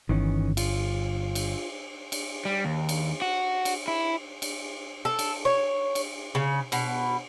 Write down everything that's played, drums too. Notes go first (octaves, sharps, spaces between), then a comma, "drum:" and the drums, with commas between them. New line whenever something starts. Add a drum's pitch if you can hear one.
G1 D#3 E3 C#4
F4, drum: cymbal
drum: cymbal
drum: cymbal
G3
D#2
drum: cymbal
F#4
drum: cymbal
E4
drum: cymbal
A4
drum: cymbal
C#5
drum: cymbal
C#3
B2, drum: cymbal